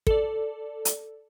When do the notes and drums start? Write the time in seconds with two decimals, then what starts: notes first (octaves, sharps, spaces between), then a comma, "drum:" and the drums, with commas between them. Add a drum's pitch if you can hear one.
0.07 A4 D5, drum: kick
0.85 drum: hi-hat